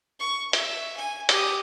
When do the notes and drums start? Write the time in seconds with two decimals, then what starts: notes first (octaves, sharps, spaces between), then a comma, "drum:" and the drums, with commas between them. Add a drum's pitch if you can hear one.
0.20 C#6
0.53 E5, drum: hi-hat
0.97 G#5
1.29 G4 D#6, drum: hi-hat